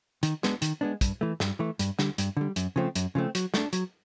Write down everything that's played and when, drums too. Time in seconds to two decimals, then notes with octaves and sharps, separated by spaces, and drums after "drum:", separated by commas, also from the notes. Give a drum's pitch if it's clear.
0.23 D#3, drum: hi-hat
0.43 G#3 B3 D4, drum: snare
0.62 D#3, drum: hi-hat
0.81 G#3 B3 D4
1.01 G2, drum: kick, hi-hat
1.21 E3 A3
1.40 G2, drum: snare
1.59 E3 A3
1.79 G2, drum: hi-hat
1.99 D3 G3, drum: snare
2.18 G2, drum: hi-hat
2.37 D3 G3
2.56 F#2, drum: hi-hat
2.76 C#3 F3 A3 C4
2.95 F#2, drum: hi-hat
3.15 C#3 F3 A3 C4
3.35 F#3, drum: hi-hat
3.54 A3 D4, drum: snare
3.73 F#3, drum: hi-hat